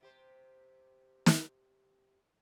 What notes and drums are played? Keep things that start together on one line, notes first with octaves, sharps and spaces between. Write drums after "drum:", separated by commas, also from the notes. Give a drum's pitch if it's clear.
C3 G4 C5
drum: snare